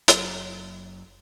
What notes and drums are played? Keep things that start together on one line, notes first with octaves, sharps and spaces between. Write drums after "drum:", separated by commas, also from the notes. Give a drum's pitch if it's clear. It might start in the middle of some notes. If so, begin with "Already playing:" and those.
F#1 F#3, drum: hi-hat